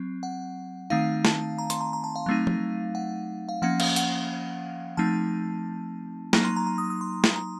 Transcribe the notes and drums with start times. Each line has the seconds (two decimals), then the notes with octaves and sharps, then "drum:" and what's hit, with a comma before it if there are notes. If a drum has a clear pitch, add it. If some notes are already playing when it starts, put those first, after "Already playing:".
Already playing: F#3 C4
0.23 F#5
0.90 D#3 A3 C4 D#4 F5
1.25 A5, drum: snare
1.59 A#5
1.70 C6, drum: hi-hat
1.81 A#5
1.93 A#5
2.04 A5
2.16 F5
2.26 F#3 A3 C4 D#4
2.47 drum: tom F3
2.95 F#5
3.49 F5
3.62 F3 A#3 C#4 F#5
3.80 F5, drum: cymbal
3.96 F#5, drum: hi-hat
4.97 F3 A3 C4 D#4 A5
6.33 F#3 A#3 D#4 A#5, drum: snare
6.45 C6
6.56 A#5
6.67 A#5
6.78 D#6
6.90 D#6
7.01 C6
7.24 drum: snare
7.36 A#5